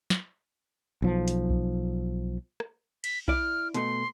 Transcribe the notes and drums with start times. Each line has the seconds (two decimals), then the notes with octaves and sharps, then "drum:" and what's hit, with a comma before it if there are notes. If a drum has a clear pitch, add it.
0.10 drum: snare
1.02 B1 F3
1.28 drum: hi-hat
1.50 drum: kick B1
2.60 drum: rim click
3.04 B6, drum: cymbal
3.28 E4 D5 F6, drum: kick B1
3.74 B2 A3 C6, drum: hi-hat